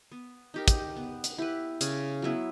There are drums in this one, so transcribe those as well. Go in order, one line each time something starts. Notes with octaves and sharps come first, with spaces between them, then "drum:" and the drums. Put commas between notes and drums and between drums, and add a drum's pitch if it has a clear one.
B3
D#4 G4 A#4
drum: kick, hi-hat
B3
drum: hi-hat
E4 G4 B4
C#3, drum: hi-hat
F#3 B3 E4